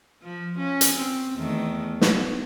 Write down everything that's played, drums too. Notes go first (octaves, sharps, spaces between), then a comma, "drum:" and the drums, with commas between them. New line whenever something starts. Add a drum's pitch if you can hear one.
F3
C#4
drum: hi-hat
C4
E2 D#3 A3
B3, drum: snare